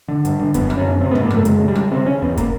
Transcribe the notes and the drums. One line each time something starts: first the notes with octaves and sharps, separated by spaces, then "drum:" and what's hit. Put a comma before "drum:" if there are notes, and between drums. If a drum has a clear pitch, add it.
D3
G2, drum: hi-hat
D3
F#2 B3, drum: kick, hi-hat
F#2, drum: rim click
C#4
C#3
C#3 C4
B3
C#3, drum: tom
A#3
F#2 A3, drum: rim click
C#3 G#3, drum: hi-hat
C#3
G3
C#3, drum: rim click
C#3 C4
C#3 C#4
E2 B3
A#3, drum: kick, hi-hat